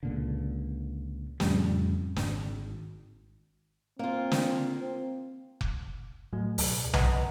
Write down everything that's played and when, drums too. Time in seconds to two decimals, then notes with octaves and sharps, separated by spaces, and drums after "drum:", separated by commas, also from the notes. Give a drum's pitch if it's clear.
0.03 C#2 A#2 D3
1.40 F2 A2 C#3 G3, drum: snare
2.16 G#1, drum: snare
3.99 A#3 C4 F4
4.32 drum: snare
5.61 drum: kick F1
6.33 A2 F#3 A3
6.58 D2 B2, drum: open hi-hat
6.93 B4 D#5 F#5 A#5, drum: tom B1